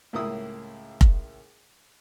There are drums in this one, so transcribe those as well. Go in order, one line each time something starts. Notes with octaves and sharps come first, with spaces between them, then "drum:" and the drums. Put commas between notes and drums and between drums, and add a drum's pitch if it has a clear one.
C#2 A2 A#3 E4 D#6 E6
drum: kick F1